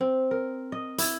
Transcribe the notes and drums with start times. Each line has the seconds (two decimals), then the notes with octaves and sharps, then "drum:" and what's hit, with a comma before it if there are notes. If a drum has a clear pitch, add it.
0.01 C4
0.31 A#4
0.72 D#5
0.98 E4, drum: hi-hat